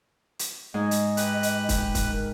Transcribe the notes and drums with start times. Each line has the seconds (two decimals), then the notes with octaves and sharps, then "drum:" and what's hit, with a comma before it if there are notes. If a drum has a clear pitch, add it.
0.39 drum: hi-hat
0.74 G#2 D#5
0.91 drum: hi-hat
1.17 G4 B4 F#6, drum: hi-hat
1.43 drum: hi-hat
1.69 drum: kick, hi-hat
1.95 drum: kick, hi-hat
2.11 A#4